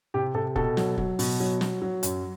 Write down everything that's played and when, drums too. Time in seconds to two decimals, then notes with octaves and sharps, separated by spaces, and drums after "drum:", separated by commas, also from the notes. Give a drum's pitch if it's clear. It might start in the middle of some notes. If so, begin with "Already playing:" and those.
0.14 C3 G4
0.34 C3 A4
0.56 B2 A4, drum: kick
0.77 F#3, drum: snare
0.98 F#3, drum: kick
1.19 B2, drum: open hi-hat
1.40 F#3
1.61 F#3, drum: snare
1.82 F#3
2.03 F#2, drum: hi-hat